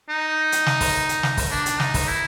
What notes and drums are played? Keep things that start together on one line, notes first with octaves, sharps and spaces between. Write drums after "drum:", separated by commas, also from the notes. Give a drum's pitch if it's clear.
D#4
drum: hi-hat
drum: snare
drum: kick, open hi-hat
drum: hi-hat
drum: snare
drum: kick, open hi-hat
D4
drum: hi-hat
D#4, drum: snare
drum: kick, open hi-hat
E4